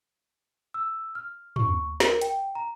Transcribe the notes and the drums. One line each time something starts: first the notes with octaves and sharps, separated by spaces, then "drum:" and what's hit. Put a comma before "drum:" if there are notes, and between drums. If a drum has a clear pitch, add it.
E6
F6
C#6, drum: tom
A#4, drum: snare
G5, drum: hi-hat
A#5